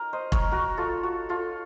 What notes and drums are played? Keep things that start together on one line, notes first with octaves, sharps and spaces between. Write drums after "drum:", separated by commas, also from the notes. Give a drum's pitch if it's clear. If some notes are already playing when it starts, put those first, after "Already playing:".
Already playing: F#3 D#4 A#4
C5 D#5
A#4 C#5, drum: kick
F#4 A#4
F4 A4
F#4
F4 A4